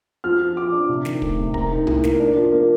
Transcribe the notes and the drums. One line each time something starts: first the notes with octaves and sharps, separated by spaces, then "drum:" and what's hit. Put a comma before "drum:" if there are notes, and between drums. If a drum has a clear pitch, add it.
F3 F6
F3
F3 D6
D4
C3
D#3, drum: snare
A3, drum: kick
C3
A#3 A#5, drum: kick
D#4
A2, drum: tom C2
A#3, drum: snare
D4
F3
A#3